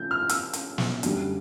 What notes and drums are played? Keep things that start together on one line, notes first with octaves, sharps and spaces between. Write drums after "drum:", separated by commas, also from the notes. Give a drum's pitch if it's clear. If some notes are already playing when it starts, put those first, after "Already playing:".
Already playing: C#3 F3 A3 C#4 G6
F6
E6, drum: hi-hat
drum: hi-hat
drum: snare
F#2 D3 G3, drum: hi-hat